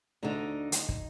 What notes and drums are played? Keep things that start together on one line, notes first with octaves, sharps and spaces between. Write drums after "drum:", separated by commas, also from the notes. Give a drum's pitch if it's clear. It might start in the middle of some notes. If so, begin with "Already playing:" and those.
D2 D3 D#4
drum: hi-hat
drum: kick